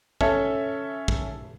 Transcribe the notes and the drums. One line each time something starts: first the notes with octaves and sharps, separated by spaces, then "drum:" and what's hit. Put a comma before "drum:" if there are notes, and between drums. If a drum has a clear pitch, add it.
C#4 A4 E5, drum: kick
drum: kick